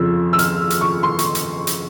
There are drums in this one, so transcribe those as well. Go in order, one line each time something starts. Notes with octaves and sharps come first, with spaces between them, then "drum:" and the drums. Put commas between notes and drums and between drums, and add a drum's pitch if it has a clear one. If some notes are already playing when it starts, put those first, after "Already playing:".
Already playing: F2 C#3 F3 E6
E6
F6, drum: hi-hat
drum: hi-hat
C#6
C6
C#6, drum: hi-hat
drum: hi-hat
drum: hi-hat